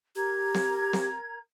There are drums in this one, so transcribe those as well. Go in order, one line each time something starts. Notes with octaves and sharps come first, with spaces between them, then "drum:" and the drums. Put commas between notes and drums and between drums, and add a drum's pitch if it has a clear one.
G4 A#4 A#5 G#6
drum: snare C4
drum: snare C4